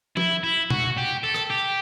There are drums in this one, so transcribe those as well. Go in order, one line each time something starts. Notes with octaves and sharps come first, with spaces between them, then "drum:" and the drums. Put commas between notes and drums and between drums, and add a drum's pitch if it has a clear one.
E4, drum: tom
E4
F#4, drum: tom B2
G4
A4
drum: rim click
G4